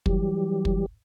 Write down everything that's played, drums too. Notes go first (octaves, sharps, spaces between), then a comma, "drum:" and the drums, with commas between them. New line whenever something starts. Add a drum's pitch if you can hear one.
E3 F#3 G3 G4, drum: kick
drum: kick